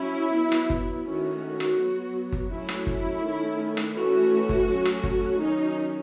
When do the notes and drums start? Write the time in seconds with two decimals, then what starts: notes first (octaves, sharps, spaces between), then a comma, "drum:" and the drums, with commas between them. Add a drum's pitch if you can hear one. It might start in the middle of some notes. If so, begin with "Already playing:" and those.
Already playing: F#3 C#4 E4
0.34 F#3 B3
0.52 drum: rim click
0.70 drum: kick G1
1.06 D#3 A3 C#4 F#4
1.60 drum: rim click
1.79 F#3 B3
2.32 drum: kick G1
2.51 F#3 A3 C#4 E4
2.69 drum: rim click
2.87 drum: kick G1
3.23 D#3 A3 C#4
3.77 drum: rim click
3.95 E3 A3 C#4 F#4
4.49 drum: kick G1
4.67 F#3 A3 C#4
4.85 drum: rim click
5.04 drum: kick G1
5.39 D#3 F#3 C#4 D#4